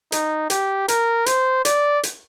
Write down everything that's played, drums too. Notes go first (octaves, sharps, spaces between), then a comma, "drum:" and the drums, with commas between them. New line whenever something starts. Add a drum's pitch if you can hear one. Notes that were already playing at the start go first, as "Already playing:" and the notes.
D#4, drum: hi-hat
G4, drum: hi-hat
A#4, drum: hi-hat
C5, drum: hi-hat
D5, drum: hi-hat
drum: hi-hat